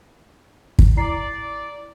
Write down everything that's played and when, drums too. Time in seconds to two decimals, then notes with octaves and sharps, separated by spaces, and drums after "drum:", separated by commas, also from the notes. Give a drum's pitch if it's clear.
0.79 drum: kick
0.97 E4 D5 A#5 C7